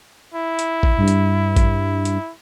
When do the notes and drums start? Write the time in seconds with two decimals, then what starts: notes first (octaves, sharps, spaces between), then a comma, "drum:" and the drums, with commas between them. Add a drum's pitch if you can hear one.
0.34 E4
0.59 drum: hi-hat
0.83 drum: kick A1
0.97 G2
1.08 drum: hi-hat
1.56 drum: kick A1, hi-hat
2.05 drum: hi-hat